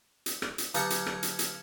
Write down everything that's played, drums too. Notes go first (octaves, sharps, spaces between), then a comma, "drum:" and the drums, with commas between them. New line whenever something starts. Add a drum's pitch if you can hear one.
drum: hi-hat
drum: rim click
drum: hi-hat
D3 F#3 F6 G#6 C#7, drum: hi-hat
drum: hi-hat
drum: rim click
drum: hi-hat
drum: hi-hat